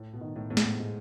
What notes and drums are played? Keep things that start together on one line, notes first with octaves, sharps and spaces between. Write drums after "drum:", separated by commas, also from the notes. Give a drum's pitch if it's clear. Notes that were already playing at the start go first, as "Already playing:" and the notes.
Already playing: A2
B2
D#3
A2
E2 A2
G#2, drum: snare
G#3